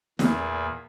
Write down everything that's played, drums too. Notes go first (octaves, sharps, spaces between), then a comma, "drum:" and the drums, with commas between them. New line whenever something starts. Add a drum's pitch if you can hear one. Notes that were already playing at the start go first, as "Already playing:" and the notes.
E2 A#2, drum: snare